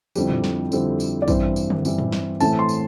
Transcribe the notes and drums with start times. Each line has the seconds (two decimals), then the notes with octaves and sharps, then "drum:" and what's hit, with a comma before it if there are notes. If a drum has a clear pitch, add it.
0.15 F2 D3 G3 C4 E4 G4, drum: tambourine
0.30 drum: tom A2
0.44 drum: snare
0.72 F2 D3 G3 C4 E4, drum: tambourine
1.00 drum: tambourine
1.22 D5
1.28 G2 E3 G3 C4 E4 C5, drum: kick, tambourine
1.56 drum: tambourine
1.70 drum: tom D3
1.85 G2 E3 G3 C4 E4, drum: tambourine
1.98 drum: tom A2
2.12 drum: snare
2.40 A2 E3 A3 C4 E4 A5, drum: tambourine
2.59 C6
2.69 drum: tambourine